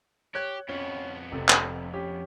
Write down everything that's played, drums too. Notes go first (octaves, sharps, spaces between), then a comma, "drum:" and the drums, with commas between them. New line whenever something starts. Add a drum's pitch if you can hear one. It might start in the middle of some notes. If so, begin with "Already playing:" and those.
G4 C#5 F#6 G#6
F2 B3 C#4 G7
F1 C3 A4
drum: clap
C#4 G4